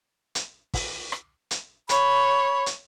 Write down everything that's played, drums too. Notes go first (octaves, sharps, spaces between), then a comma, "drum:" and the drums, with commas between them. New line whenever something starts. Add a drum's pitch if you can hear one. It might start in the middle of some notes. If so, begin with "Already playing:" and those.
drum: hi-hat
drum: kick, open hi-hat
drum: rim click
drum: hi-hat
C#5 B5, drum: hi-hat
drum: hi-hat